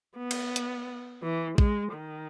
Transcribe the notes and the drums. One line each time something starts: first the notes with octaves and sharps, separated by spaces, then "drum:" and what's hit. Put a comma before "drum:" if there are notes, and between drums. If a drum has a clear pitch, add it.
B3
drum: cymbal
drum: hi-hat
E3
G#3, drum: kick A#1
D#3